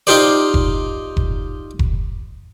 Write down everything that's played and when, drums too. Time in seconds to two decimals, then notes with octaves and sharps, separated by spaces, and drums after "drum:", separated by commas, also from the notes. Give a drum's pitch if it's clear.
0.07 D#4 F4 G4 C5 D5
0.54 drum: kick F1
1.17 drum: kick F1
1.79 drum: kick F1